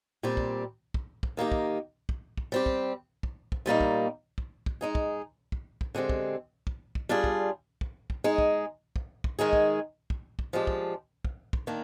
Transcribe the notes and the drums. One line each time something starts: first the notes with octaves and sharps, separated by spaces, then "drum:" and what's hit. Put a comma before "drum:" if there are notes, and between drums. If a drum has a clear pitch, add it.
A#2 G3 C4 G4
drum: kick
drum: kick
drum: kick
D#3 A#3 D#4 G4
drum: kick
drum: kick
drum: kick
G3 C4 G4
drum: kick
drum: kick
drum: kick
A#2 G3 A#3 D#4
drum: kick
drum: kick
drum: kick
G#3 D#4 G#4
drum: kick
drum: kick
drum: kick
D3 G#3 C4 G4
drum: kick
drum: kick
drum: kick
G3 D4 F4 G#4
drum: kick
drum: kick
drum: kick
G#3 D#4 G#4
drum: kick
drum: kick
drum: kick
D#3 G#3 D#4 G#4
drum: kick
drum: kick
drum: kick
F3 G#3 D4 G4
drum: kick
drum: kick
drum: kick
D#3 A#3 D4